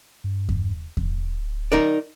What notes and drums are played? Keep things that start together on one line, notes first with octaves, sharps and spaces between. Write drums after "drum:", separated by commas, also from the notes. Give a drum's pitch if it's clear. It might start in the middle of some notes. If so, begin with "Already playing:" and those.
G2
drum: kick E2
D1, drum: kick E2
D#4 A#4 D5